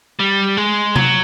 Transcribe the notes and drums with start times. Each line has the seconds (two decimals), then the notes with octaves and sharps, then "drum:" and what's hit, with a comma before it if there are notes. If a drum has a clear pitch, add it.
0.19 G3
0.57 G#3
0.96 F#3, drum: tom C3